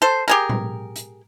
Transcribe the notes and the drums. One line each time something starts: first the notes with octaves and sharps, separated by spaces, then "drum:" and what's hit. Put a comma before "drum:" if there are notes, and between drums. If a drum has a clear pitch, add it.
A4 C5
G4 G#4 A#4
drum: tom A2
drum: hi-hat